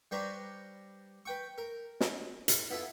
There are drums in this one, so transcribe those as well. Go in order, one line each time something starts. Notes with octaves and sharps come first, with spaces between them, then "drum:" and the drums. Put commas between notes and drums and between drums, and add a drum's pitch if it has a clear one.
G3 D4 B4 C5 A#5 C#6
B4 G5 C#6
A#4
drum: snare
drum: hi-hat
B3 E4 F4 A4